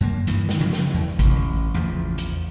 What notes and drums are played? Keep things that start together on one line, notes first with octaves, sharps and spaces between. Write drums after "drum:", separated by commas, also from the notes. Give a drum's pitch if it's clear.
F#2 A#3
G2 D#3 E3, drum: hi-hat
drum: snare
C#3 F3 F#3
drum: snare
E2
A1, drum: kick G#1, hi-hat
A1 E2 C#3 F3
drum: hi-hat